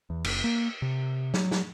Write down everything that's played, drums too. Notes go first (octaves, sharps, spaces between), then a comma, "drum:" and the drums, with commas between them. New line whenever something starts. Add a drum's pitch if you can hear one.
E2
F#1, drum: cymbal
A#3
C3
F#3, drum: snare
drum: snare